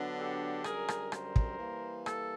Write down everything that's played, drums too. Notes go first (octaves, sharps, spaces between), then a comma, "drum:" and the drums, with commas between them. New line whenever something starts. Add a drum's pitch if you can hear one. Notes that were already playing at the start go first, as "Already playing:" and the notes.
Already playing: D3 F#3 B3 D4
G4 A4
F#2 D3 G3 G#4 A#4, drum: rim click
drum: rim click
A#4 C5, drum: rim click
drum: kick
E3 G3 A#3
A4, drum: rim click